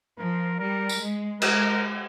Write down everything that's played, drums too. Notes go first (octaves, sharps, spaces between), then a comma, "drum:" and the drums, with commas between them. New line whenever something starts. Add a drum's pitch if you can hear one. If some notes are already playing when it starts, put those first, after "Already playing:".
F3 A#4
G3 A#4
drum: tambourine
G#3
G#3 A#4, drum: cymbal